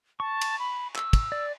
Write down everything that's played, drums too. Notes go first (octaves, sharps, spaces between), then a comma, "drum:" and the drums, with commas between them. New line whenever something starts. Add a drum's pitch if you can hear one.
A5 C#6
drum: cymbal
B5
E6, drum: clap
drum: kick, cymbal
D5